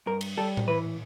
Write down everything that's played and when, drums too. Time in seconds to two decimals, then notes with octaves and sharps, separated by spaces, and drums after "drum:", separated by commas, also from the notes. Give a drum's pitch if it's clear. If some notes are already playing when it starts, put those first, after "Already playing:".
0.06 G2 A#4
0.21 drum: cymbal
0.37 G3 A4
0.57 drum: tom A2
0.68 E3 B4